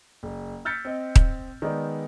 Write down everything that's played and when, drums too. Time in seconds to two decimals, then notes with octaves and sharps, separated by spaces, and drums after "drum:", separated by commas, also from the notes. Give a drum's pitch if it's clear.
0.23 F#1
0.65 E6 F6 G6 A6 B6 C#7
0.85 C4 D#5
1.16 drum: kick D#1
1.62 D#3 G#3 B3 D5